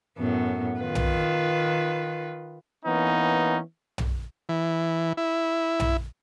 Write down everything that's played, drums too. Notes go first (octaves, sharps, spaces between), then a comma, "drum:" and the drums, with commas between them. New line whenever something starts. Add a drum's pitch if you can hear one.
F#2 A2 B3
D#3 F4 B4
drum: tom
E3 A#3 B3 C#4 D#4
drum: tom
E3
E4
drum: tom